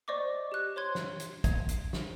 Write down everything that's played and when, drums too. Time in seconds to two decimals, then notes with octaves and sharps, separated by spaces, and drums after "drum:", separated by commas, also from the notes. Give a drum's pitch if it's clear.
0.08 C5 D5 D#5 C#6 D6
0.52 G4 F#6
0.76 C5 C#5 C6 G#6
0.95 drum: snare
1.20 drum: hi-hat
1.44 G#6, drum: kick, hi-hat
1.69 drum: hi-hat
1.93 drum: snare